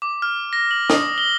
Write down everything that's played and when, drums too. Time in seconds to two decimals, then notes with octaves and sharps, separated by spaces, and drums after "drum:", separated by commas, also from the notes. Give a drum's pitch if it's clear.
0.02 D6
0.22 F6
0.53 A#6
0.71 F#7
0.90 D#6, drum: snare
1.18 G7